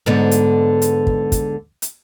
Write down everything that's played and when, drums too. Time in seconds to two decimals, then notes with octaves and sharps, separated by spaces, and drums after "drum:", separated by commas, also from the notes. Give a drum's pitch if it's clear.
0.06 G#2 D3 B3
0.31 drum: hi-hat
0.82 drum: hi-hat
1.07 drum: kick
1.32 drum: kick, hi-hat
1.82 drum: hi-hat